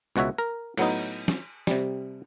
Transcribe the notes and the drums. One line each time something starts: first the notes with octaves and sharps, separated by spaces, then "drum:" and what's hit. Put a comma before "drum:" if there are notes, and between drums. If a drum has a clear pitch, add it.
C#2 B2 F#4 C#5 E5
A#4
A2 F#3 B3 D#4, drum: cymbal
drum: snare
C3 G3, drum: snare